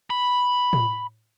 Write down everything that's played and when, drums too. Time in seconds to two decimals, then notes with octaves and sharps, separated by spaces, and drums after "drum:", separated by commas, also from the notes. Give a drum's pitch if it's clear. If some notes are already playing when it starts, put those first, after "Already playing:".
0.10 B5
0.73 drum: tom A2